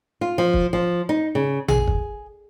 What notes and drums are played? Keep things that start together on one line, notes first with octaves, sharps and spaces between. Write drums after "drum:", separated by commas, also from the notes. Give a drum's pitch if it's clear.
F4
F3
drum: kick
F3
D#4
C#3
G#4, drum: tom A1
drum: kick